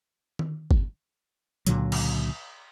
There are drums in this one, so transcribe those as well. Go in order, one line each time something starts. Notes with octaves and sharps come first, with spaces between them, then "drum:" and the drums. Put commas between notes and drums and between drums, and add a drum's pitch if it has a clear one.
drum: tom D#3
drum: kick G1
C#2 A#2 D3 F#3, drum: hi-hat
drum: cymbal